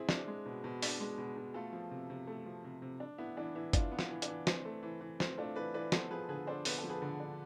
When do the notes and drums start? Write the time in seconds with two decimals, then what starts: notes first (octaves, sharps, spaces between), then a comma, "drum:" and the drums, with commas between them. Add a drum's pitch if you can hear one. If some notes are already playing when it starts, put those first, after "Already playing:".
Already playing: C4 E4 G#4
0.09 D4, drum: snare
0.27 G#3
0.46 B2
0.64 B2
0.82 D4, drum: open hi-hat
1.00 G#3
1.18 B2
1.37 B2
1.54 A3 F4 A4
1.73 F3
1.91 C3
2.10 C3
2.27 A3
2.46 F3
2.64 C3
2.82 C3
3.00 D4
3.18 B3 E4
3.37 E3 D4
3.55 E3 E4
3.73 D4 F4, drum: kick G1, hi-hat
3.91 B3
3.99 E4, drum: snare
4.10 E3
4.22 D4, drum: hi-hat
4.28 E3
4.47 C4, drum: snare
4.65 A3
4.83 E3
5.01 E3
5.20 C4, drum: snare
5.37 A3 D4 F4
5.56 E3 B4 D5
5.74 E3 B4 D5
5.92 B3 A4 C5, drum: snare
6.10 F3 G#4 B4
6.29 D3 G#4 B4
6.47 D4 A4 C5
6.65 B3 B4, drum: open hi-hat
6.78 A4
6.84 F3
6.89 G#4 B4
7.02 D3
7.20 D4